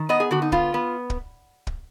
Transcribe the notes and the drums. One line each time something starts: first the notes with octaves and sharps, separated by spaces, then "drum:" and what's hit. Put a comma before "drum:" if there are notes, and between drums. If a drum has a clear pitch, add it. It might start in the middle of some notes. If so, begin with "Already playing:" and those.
Already playing: D#3
B3 D#5
G#4
D3 F#4
D#4
B3 F4, drum: kick
B3
drum: kick
drum: kick